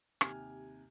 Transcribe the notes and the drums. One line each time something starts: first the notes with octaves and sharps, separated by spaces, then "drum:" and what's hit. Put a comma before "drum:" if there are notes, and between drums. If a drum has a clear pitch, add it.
D#2 C3 G#5 F6 G#6, drum: rim click